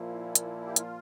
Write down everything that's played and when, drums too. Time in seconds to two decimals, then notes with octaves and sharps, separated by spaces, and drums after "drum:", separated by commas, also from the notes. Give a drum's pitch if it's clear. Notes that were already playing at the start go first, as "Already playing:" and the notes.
Already playing: A#2 F3 A#3 E4
0.35 drum: hi-hat
0.66 G4
0.76 F4, drum: hi-hat